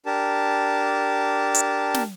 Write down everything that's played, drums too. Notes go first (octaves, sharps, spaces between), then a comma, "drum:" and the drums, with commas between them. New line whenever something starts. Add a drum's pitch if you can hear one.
D4 G4 A#4 A5
drum: hi-hat
drum: snare